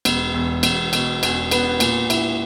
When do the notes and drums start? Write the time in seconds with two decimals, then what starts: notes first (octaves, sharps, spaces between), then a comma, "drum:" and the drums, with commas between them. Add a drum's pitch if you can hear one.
0.05 E1, drum: cymbal
0.34 E2
0.63 E1, drum: cymbal
0.93 B2, drum: cymbal
1.23 E2, drum: cymbal
1.51 B3, drum: cymbal
1.80 A#2, drum: cymbal
2.10 E4, drum: cymbal